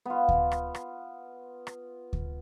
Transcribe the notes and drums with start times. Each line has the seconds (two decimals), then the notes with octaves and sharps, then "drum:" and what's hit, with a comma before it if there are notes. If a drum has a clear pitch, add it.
0.05 B3 F4
0.29 drum: kick D2
0.52 drum: rim click
0.75 drum: rim click
1.67 drum: rim click
2.13 drum: kick D2